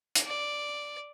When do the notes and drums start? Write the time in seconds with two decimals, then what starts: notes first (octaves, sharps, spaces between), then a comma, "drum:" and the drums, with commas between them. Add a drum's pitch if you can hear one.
0.15 drum: hi-hat
0.26 D5